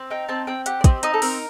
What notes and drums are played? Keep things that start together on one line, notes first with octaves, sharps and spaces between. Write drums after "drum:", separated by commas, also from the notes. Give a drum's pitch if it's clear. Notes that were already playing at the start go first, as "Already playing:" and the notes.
Already playing: C4
D#4 G5
C4 A5
C4 G5
G4 F#5, drum: hi-hat
D5
C4 D#5, drum: kick, hi-hat
D#4 D#5, drum: hi-hat
A4
C4 A#4, drum: open hi-hat